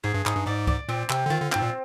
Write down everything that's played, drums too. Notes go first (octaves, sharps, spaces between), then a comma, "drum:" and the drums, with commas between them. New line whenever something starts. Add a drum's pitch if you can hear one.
G#2 G#4
G2
G#2 D#4, drum: clap
G2
G#2 D5
D5, drum: kick
A#2 C4
C3 C4, drum: clap
D3
D#3 F4
D3
G#2 C4, drum: clap
A#2